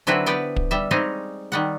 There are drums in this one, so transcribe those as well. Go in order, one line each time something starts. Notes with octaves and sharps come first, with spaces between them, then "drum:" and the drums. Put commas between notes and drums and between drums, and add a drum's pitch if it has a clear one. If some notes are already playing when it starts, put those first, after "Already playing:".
D3 F#3 C4 E4 B4
B3 G4 B4 D5 G5
drum: kick
G3 E5
G3 G#3 C4 C#4 D#4 F5
D#3 G3 F#5